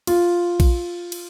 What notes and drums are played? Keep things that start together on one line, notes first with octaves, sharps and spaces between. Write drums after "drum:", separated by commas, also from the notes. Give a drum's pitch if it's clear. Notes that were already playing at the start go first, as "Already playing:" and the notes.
F4, drum: cymbal
drum: kick A#1, cymbal
drum: cymbal